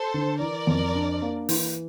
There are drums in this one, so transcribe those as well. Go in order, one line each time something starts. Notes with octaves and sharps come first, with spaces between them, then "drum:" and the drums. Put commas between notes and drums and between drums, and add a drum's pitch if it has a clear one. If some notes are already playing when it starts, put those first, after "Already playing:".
Already playing: A4 C5
D3
E3 A#4 D5
F2
D4
A#3
E3, drum: open hi-hat